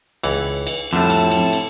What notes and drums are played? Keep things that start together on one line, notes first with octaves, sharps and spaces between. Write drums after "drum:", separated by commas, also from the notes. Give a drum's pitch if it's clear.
C#2 E3, drum: cymbal
drum: cymbal
F2 A2 D3 G3 E5 A5
drum: cymbal
drum: cymbal
drum: cymbal